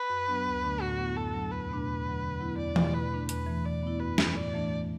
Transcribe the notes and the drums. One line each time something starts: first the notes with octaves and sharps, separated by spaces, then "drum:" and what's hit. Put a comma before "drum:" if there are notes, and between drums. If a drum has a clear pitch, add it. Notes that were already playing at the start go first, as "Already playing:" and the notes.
Already playing: B4
F#2
F#3 B3 D4
D2
D3 A3 D4
A2 F#4
F#3 B3 E4
F#2 A4
F#3 D4
E2 B4
B2 A3 D4
E2
D3 F#3
D3
F#3 B3 E4
E2 D5
B2 A3 E4, drum: tom E3
B2 B4
A3 D4
E2 B4, drum: hi-hat
E3 A3
B2 D5
B3 E4
F#2 B4
E3 A3, drum: snare
A2 D5
E3 A3 D4
E2